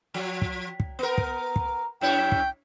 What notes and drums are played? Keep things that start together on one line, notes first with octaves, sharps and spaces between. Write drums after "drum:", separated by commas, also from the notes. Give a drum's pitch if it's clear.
F3
drum: kick
drum: kick
B3 A#4
drum: kick
drum: kick
F#2 E4 C#5 G5
drum: kick